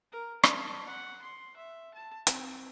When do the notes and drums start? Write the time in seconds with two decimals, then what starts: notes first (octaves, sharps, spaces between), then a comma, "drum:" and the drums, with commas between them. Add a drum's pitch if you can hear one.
0.12 A#4
0.43 A5, drum: rim click
0.86 F#5
1.22 C6
1.57 E5
1.94 A5
2.27 C4, drum: hi-hat